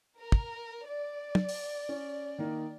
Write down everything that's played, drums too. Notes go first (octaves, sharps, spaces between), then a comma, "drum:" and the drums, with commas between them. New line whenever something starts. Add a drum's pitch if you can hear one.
A#4
drum: kick
D5
drum: tom
drum: open hi-hat
C#4
D#3 A#3 D#4